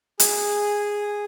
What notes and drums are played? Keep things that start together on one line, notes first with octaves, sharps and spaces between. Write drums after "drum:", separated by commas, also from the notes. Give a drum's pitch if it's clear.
G#4, drum: hi-hat